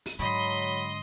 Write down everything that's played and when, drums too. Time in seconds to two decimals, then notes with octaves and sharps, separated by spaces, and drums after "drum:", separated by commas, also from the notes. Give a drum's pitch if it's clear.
0.06 drum: open hi-hat
0.19 G#2 D3 F#3 D#5 B5 C6